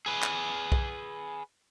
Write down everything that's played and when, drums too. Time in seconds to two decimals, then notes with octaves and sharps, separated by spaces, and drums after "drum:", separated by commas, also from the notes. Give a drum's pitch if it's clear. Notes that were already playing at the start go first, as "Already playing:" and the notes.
0.06 G#4 B4
0.23 drum: clap
0.72 drum: kick B1